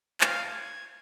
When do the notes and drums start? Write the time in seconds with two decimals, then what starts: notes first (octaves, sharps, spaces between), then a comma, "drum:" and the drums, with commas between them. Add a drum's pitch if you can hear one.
0.21 F5, drum: clap
0.50 G#6